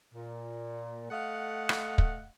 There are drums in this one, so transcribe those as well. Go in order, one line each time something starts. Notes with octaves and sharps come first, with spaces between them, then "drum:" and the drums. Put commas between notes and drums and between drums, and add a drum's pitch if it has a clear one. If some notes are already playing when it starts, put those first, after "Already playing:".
A#2
A3 D#5 F5 F#5
drum: rim click
drum: kick